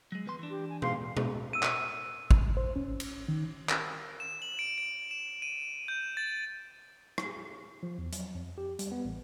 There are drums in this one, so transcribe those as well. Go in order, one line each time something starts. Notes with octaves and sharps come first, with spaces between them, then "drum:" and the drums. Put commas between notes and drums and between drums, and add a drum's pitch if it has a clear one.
F#3 G#3
E2 B4 C6
E3 D4
G4
G#5
F5 C6, drum: tom B2
drum: tom B2
E6 D#7
drum: clap
drum: kick
C5
C#4
drum: cymbal
D#3
drum: clap
E7
F#7
D7
D7
E7
D#7
G6
A6
drum: rim click
F3
E2
F#3, drum: hi-hat
F2
G4
G3, drum: hi-hat
B3
A1